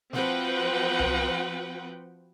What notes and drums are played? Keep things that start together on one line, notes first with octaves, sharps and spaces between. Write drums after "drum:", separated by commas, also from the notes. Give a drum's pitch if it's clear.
F3 C4 F#4 B4 F#5 G5, drum: snare
drum: tom C2